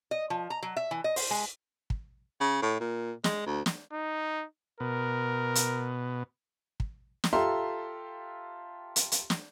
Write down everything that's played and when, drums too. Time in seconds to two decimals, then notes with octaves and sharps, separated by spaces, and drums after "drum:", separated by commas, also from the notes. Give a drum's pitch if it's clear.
0.11 D#5
0.30 F3
0.50 A#5
0.63 F#3
0.77 E5
0.91 E3
1.04 D#5
1.16 C5, drum: open hi-hat
1.31 G#3
1.90 drum: kick
2.41 C#3
2.62 A2
2.80 A#2
3.24 G#3, drum: snare
3.46 D2
3.66 drum: snare
3.93 D#4
4.80 B2 A#4
5.55 drum: hi-hat
6.80 drum: kick
7.24 drum: snare
7.33 F4 G4 A4 E5 A#5 C6
8.96 drum: hi-hat
9.12 drum: hi-hat
9.30 drum: snare